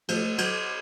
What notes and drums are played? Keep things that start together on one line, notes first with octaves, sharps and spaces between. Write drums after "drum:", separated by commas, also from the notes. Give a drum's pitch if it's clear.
F3 A3, drum: cymbal
F#3, drum: cymbal